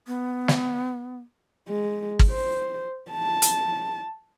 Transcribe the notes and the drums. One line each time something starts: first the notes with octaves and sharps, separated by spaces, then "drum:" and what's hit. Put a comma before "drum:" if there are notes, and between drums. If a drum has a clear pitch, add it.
B3
drum: snare
G#3
drum: kick G#1
C5
A5
drum: hi-hat